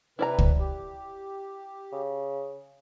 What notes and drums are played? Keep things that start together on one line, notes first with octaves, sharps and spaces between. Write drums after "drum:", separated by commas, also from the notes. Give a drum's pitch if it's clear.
C3 E4 B4 D5 A#5
drum: kick
G4
C#3